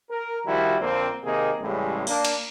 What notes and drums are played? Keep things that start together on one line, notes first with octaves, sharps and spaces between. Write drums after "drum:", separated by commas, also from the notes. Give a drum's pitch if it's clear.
A#4
D#3 F3 G3 E4 F#4
F2 D3 A#3 C4
C3 D#3 A#3 D#4 G#4
A1 A2 C#3 G3 G#3
A#3 D4, drum: open hi-hat
drum: cymbal